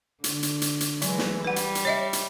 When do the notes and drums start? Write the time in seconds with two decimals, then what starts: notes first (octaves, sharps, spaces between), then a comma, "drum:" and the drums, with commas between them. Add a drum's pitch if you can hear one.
0.24 D3, drum: hi-hat
0.43 drum: hi-hat
0.62 drum: hi-hat
0.80 drum: hi-hat
1.02 E3 F#3 G#3, drum: hi-hat
1.18 drum: snare
1.45 G3 B4 F#5
1.56 drum: hi-hat
1.75 drum: hi-hat
1.85 C#5 D#5 E5
2.13 drum: hi-hat